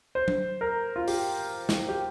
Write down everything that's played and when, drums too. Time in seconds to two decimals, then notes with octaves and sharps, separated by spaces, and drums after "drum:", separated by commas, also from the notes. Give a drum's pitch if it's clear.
0.15 C5
0.28 drum: tom F#3
0.61 A#4
0.96 F4
1.08 G4, drum: open hi-hat
1.69 drum: snare
1.89 G4